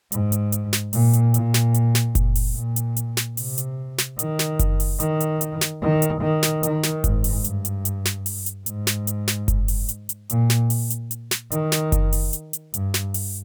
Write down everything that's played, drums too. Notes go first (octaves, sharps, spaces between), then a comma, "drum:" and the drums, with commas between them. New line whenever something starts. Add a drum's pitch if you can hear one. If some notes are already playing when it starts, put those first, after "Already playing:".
G#2, drum: hi-hat
drum: hi-hat
drum: hi-hat
drum: snare
A#2, drum: open hi-hat
drum: hi-hat
A#2, drum: hi-hat
drum: snare
drum: hi-hat
drum: snare
drum: kick F#1, hi-hat
drum: open hi-hat
A#2
drum: hi-hat
drum: hi-hat
drum: snare
C3, drum: open hi-hat
drum: hi-hat
drum: snare
D#3, drum: hi-hat
drum: snare
drum: kick F#1, hi-hat
drum: open hi-hat
D#3, drum: hi-hat
drum: hi-hat
drum: hi-hat
drum: snare
D#3
drum: hi-hat
D#3
drum: snare
D#3, drum: hi-hat
drum: snare
G#2, drum: kick F#1, hi-hat
drum: open hi-hat
G2, drum: hi-hat
drum: hi-hat
drum: hi-hat
drum: snare
drum: open hi-hat
drum: hi-hat
G#2, drum: hi-hat
drum: snare
drum: hi-hat
drum: snare
drum: kick F#1, hi-hat
drum: open hi-hat
drum: hi-hat
drum: hi-hat
A#2, drum: hi-hat
drum: snare
drum: open hi-hat
drum: hi-hat
drum: hi-hat
drum: snare
D#3, drum: hi-hat
drum: snare
drum: kick F#1, hi-hat
drum: open hi-hat
drum: hi-hat
drum: hi-hat
G2, drum: hi-hat
drum: snare
drum: open hi-hat